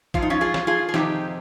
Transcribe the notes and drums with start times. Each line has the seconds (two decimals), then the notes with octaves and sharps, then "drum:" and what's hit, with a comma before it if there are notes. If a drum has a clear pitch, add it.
0.14 G#2 F3 F4, drum: kick
0.22 D#4
0.30 C#4 F4
0.41 F4 G#4
0.54 drum: snare
0.67 F4 G#4
0.89 G#4
0.94 F2 C3 D#3 D#4 G4, drum: snare